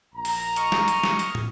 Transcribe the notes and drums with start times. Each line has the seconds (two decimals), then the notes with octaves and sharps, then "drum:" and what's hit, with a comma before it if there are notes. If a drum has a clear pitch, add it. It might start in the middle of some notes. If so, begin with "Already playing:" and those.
0.14 A#1 A#5
0.25 drum: open hi-hat
0.56 D#5 C#6 F6, drum: hi-hat
0.72 drum: snare
0.88 drum: hi-hat
1.03 drum: snare
1.19 drum: hi-hat
1.35 drum: tom